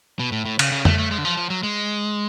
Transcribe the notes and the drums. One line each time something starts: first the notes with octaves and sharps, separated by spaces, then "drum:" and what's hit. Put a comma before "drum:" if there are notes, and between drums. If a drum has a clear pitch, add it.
B2
A2
A2
C#3, drum: cymbal
C#3
A3, drum: tom F2
A3
G#3
D3
F3
F3
F#3
G#3